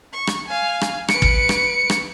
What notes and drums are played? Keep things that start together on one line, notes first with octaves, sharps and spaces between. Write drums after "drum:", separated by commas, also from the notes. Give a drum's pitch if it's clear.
C#6
drum: rim click
F5 G#5
drum: rim click
B4 C#7 D7, drum: rim click
drum: kick
drum: rim click
drum: rim click